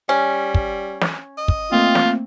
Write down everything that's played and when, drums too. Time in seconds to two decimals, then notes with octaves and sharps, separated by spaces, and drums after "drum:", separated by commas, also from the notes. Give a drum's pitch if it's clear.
0.09 G3 C#4
0.54 drum: kick
1.01 drum: snare
1.38 D#5
1.48 drum: kick
1.72 A3 A#3 C4 F4
1.95 drum: snare